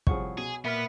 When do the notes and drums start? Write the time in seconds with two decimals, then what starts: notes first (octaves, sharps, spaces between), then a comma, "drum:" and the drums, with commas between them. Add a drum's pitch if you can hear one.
0.07 C2 F3 G#4 C#5 F#5 C#6, drum: kick
0.38 B2 G#4
0.65 A#2 B3 B4 E5 F6